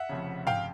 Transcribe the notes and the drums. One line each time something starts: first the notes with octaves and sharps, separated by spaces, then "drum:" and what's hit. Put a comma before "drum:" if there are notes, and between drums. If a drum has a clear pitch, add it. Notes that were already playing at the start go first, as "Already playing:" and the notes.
Already playing: E5 F#5
F1 F2 C#3
F5 G5, drum: tom